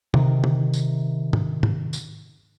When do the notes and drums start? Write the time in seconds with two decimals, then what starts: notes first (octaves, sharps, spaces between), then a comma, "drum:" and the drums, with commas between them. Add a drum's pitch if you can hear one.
0.14 C3 D#3, drum: tom
0.44 drum: tom
0.74 drum: tambourine
1.33 drum: tom G#2
1.63 drum: tom G#2
1.93 drum: tambourine